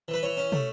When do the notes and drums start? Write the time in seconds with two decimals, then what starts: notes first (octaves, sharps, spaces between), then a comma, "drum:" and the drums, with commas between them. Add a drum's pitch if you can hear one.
0.08 E3
0.14 B4
0.23 E3 C#5
0.37 C#4
0.52 A3, drum: tom